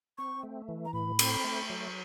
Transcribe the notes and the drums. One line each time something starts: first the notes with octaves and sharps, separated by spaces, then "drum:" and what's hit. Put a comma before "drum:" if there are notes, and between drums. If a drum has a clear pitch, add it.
C4 C#6
A3
E3
A#5
A2 B5
C4, drum: cymbal
A3
F#3